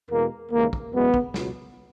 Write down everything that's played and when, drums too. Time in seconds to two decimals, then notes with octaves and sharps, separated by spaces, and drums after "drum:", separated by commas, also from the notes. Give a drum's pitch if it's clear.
0.11 E2 B2 G#3 A#3
0.52 D#2 C#3 E3 G#3 A#3
0.73 drum: kick
0.93 F#2 E3 G#3 B3
1.14 drum: kick
1.34 C#2 B2 F#3, drum: snare